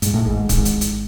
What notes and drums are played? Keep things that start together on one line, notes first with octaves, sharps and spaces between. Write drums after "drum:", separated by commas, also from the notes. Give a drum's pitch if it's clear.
G#2, drum: hi-hat
A2
G#1 G#2
G#1 G#2, drum: kick, hi-hat
drum: hi-hat
drum: hi-hat